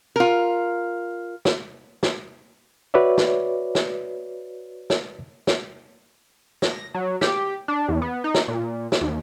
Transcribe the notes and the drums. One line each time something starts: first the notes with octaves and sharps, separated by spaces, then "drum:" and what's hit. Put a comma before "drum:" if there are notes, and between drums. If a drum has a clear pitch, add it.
F4 A#4
drum: snare
drum: snare
F#4 B4 C#5 D5 E5
drum: snare
drum: snare
drum: snare
drum: snare
A#6, drum: snare
F#3
G4, drum: snare
D4
E2
B3
D#4
drum: snare
A#2
drum: snare
D#2